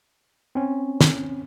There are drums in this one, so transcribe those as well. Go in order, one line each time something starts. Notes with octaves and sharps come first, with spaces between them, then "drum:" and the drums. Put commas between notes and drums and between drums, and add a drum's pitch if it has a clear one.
C4 C#4
drum: snare